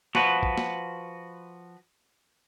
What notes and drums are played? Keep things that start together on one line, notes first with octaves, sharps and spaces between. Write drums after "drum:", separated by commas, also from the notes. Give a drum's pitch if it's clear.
F3 F#4 B4, drum: snare
drum: kick
drum: snare